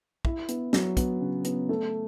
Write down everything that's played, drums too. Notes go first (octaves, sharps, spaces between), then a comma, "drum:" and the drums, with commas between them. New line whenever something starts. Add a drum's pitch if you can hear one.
E4, drum: kick
B3, drum: hi-hat
F#3, drum: snare
B3, drum: kick, hi-hat
C#3
B3, drum: hi-hat
A3